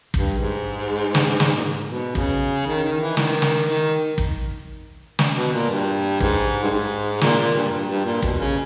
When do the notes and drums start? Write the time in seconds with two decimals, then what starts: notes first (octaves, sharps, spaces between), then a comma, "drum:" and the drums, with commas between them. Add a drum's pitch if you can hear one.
0.14 G2, drum: kick
0.38 G#2
1.15 drum: snare
1.40 drum: snare
1.56 A#2
1.65 G#2
1.90 B2
2.15 C#3, drum: kick
2.67 D#3
2.83 D#3
3.00 E3
3.17 D#3, drum: snare
3.42 drum: snare
3.67 D#3
4.18 drum: kick
5.19 drum: snare
5.35 B2
5.52 A#2
5.70 G2
6.20 G#2, drum: kick
6.63 G2
6.70 G#2
7.21 A#2, drum: snare
7.38 A#2
7.55 G2
7.72 G2
7.89 G2
8.05 A#2
8.22 B2, drum: kick
8.39 C#3